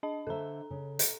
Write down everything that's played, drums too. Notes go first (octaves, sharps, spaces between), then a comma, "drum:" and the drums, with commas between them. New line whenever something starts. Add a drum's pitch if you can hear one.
D4 D#5 A5
D3 A4 C5 E5 A#5
C#3
drum: hi-hat